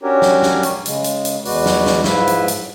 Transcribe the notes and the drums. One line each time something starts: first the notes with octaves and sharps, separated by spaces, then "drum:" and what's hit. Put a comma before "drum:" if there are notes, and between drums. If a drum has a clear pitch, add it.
C#4 D4 F#4 G4 A#4 C#5
drum: snare
drum: snare
drum: hi-hat
C#3 G#3, drum: hi-hat
drum: hi-hat
drum: hi-hat
E2 G#3 F#4 B4 D5, drum: open hi-hat
drum: snare
drum: snare
G#2 F3 E4 B4 E5, drum: snare
drum: hi-hat
drum: hi-hat